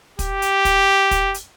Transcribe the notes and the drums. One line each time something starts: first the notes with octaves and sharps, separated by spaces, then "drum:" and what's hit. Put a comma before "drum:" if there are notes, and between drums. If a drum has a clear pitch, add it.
G4, drum: kick, hi-hat
drum: hi-hat
drum: kick, hi-hat
drum: kick, hi-hat
drum: hi-hat